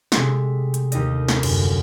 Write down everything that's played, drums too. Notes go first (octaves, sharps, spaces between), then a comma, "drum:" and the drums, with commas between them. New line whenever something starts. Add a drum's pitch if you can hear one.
C3 G#3 A3, drum: snare
drum: hi-hat
D#2 D#4 G4 A4 D#5, drum: hi-hat
drum: snare
G1 F#2, drum: cymbal